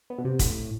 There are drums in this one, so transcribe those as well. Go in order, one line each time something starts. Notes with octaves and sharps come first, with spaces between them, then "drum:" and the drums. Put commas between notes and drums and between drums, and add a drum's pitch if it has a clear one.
B3
B2
C3
A2, drum: kick, hi-hat